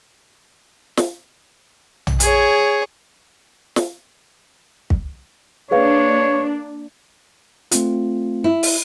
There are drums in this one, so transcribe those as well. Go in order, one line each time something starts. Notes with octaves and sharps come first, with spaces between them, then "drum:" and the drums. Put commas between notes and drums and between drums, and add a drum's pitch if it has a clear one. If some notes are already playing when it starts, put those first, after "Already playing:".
drum: snare
drum: tom
G#4 C#5, drum: hi-hat
drum: snare
drum: kick
A#3 D4 G#4 B4 C#5 F5
A3 C4 F4, drum: hi-hat
E4
drum: open hi-hat